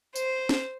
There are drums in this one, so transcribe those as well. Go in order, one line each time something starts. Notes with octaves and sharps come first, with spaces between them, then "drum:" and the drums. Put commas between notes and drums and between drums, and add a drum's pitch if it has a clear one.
C5, drum: tambourine
drum: snare